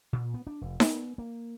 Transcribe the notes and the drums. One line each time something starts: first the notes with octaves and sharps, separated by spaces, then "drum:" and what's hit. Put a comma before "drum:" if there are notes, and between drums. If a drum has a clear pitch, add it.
A#2
B3
D4
F1
B3, drum: snare D#4
A#3